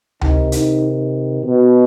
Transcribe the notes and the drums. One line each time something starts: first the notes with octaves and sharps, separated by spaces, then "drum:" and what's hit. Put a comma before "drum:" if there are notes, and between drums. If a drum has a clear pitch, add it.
C3 D#3 D#4, drum: tom C#2
D#4, drum: hi-hat
B2